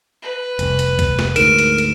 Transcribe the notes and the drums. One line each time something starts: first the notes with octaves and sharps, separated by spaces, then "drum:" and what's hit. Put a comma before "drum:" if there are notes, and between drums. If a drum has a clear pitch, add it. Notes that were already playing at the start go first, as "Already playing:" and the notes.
B4
F1 C2, drum: hi-hat
drum: hi-hat
drum: kick, hi-hat
drum: snare
D2 G#2 A#4 D7 E7, drum: hi-hat
drum: hi-hat
drum: hi-hat